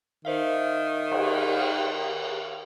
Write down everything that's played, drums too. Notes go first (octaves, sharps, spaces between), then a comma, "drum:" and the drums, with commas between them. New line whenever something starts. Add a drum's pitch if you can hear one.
D#3 C5 E5 F5
drum: cymbal
A#4 G5